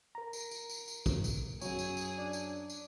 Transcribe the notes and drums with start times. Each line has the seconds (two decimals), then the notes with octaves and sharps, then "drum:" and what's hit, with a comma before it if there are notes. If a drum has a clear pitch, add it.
0.15 A#4 A#5
0.33 drum: tambourine
0.51 drum: tambourine
0.70 drum: tambourine
0.88 drum: tambourine
1.06 drum: kick, tambourine
1.24 drum: tambourine
1.62 F#2 F#3 G#4 C#5, drum: tambourine
1.79 drum: tambourine
1.97 drum: tambourine
2.18 D4
2.33 drum: tambourine
2.70 drum: tambourine